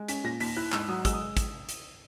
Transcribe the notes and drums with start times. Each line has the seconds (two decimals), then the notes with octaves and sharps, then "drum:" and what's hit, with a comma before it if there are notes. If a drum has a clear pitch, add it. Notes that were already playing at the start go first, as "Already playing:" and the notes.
Already playing: G#3
0.08 C#4 B6, drum: hi-hat
0.24 A#2 A#6
0.40 D#2 B6, drum: open hi-hat
0.56 E4 F#6
0.72 G#2 E6, drum: clap
0.88 F#3 D#6
1.05 G#3 E6, drum: kick, hi-hat
1.13 D#6
1.37 drum: kick, hi-hat
1.69 drum: hi-hat